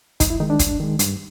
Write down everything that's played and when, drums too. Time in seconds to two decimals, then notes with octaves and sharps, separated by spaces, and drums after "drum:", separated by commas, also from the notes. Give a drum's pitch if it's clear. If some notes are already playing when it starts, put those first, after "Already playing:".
0.20 G2 D#4, drum: kick, hi-hat
0.30 E4
0.40 D#3 G#3 D#4
0.50 D4
0.59 G2, drum: kick, hi-hat
0.80 D#3 G#3
0.99 G2, drum: hi-hat